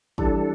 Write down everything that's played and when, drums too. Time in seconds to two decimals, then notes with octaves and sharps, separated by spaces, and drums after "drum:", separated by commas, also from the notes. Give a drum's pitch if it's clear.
0.18 E3 G3 D4 A4, drum: kick